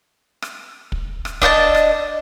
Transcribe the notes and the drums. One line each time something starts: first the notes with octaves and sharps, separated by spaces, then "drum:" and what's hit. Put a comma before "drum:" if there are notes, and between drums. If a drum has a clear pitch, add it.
drum: rim click
drum: kick
drum: rim click
D4 D#5 G5 A5, drum: kick
drum: rim click